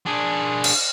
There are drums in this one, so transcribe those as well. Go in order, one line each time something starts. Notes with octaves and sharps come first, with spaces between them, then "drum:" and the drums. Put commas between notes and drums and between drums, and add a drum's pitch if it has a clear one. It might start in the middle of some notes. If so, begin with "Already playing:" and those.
D4 G#4
drum: cymbal